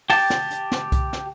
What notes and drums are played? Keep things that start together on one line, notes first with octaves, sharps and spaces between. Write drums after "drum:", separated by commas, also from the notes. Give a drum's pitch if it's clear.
G4 A5, drum: open hi-hat
drum: snare
drum: hi-hat
drum: snare
drum: kick C2, hi-hat
drum: snare